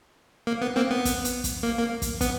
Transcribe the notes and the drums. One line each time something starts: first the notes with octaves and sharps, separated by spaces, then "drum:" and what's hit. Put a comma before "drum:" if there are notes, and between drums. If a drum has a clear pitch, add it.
A#3
B3
A#3 C4
B3
drum: kick, hi-hat
drum: hi-hat
drum: kick, hi-hat
A#3
A#3
drum: kick, hi-hat
B3, drum: kick, hi-hat